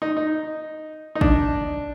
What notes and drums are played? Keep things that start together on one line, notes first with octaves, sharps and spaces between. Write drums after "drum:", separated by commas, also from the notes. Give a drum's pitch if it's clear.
D#4
D#4
D#4
D4, drum: kick